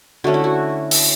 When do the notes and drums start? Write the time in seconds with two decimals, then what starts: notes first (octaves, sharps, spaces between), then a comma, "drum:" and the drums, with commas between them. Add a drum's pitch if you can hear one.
0.24 D3 A3 C#4 F#4
0.34 E4
0.44 F#4
0.91 drum: open hi-hat